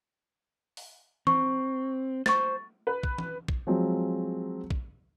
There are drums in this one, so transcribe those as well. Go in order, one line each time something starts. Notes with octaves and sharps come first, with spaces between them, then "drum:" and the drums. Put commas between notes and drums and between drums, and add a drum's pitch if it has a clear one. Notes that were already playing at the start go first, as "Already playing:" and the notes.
drum: open hi-hat
C4 C#6, drum: tom E3
C5 C#6 A6, drum: snare
B4
drum: kick
drum: tom E3
drum: kick
F3 F#3 G#3 C4
drum: kick